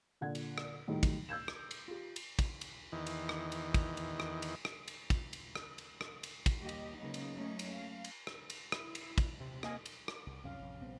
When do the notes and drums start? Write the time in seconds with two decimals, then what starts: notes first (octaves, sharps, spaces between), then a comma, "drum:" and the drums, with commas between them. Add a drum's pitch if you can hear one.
0.21 A#2 D3 F#5 G#6
0.35 drum: cymbal
0.58 drum: rim click
0.88 A2 D#3 F#3 G3
1.03 drum: kick, cymbal
1.29 E6 G6 G#6 E7
1.48 drum: rim click
1.71 drum: cymbal
1.88 F4 G4
2.16 drum: cymbal
2.39 drum: kick, cymbal
2.61 drum: cymbal
2.92 E2 D#3
3.07 drum: cymbal
3.29 drum: rim click
3.52 drum: cymbal
3.74 drum: kick, cymbal
3.97 drum: cymbal
4.20 drum: rim click
4.42 drum: cymbal
4.65 drum: rim click
4.88 drum: cymbal
5.10 drum: kick, cymbal
5.33 drum: cymbal
5.56 drum: rim click
5.78 drum: cymbal
6.01 drum: rim click
6.23 drum: cymbal
6.46 drum: kick, cymbal
6.59 D#2 G3 A#3 G4 D#5
6.69 drum: cymbal
6.98 C#3 F#3 G#3 A#3 B3 D#4
7.14 drum: cymbal
7.33 F#2 F#3 A3 A#3 C#4 D#4
7.59 drum: cymbal
7.74 F5
8.04 drum: cymbal
8.27 drum: rim click
8.50 drum: cymbal
8.72 E4, drum: rim click
8.95 drum: cymbal
9.18 drum: kick, cymbal
9.40 C3
9.63 A#3 D#5 G#5, drum: rim click
9.86 drum: cymbal
10.08 drum: rim click
10.27 C2
10.44 C#2 F#2 C3 F3 C#4 F5
10.59 A1 F2
10.82 A#1 G3 B3 C4